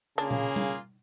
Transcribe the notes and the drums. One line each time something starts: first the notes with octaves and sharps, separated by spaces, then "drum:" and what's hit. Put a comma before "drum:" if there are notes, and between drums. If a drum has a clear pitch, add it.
C#3 A#3 D4 F4 G#4
drum: tom A#2
drum: tom G3